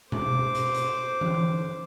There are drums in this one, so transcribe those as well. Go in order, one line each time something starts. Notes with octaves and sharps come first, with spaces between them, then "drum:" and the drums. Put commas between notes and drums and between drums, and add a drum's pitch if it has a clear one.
C5 D6, drum: tom B2
drum: hi-hat
drum: hi-hat
drum: tom E3